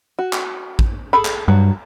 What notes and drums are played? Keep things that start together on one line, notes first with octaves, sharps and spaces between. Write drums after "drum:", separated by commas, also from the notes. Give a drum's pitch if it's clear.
F#4
drum: clap
drum: kick
G#4 A4 B5
drum: clap
G2 F#3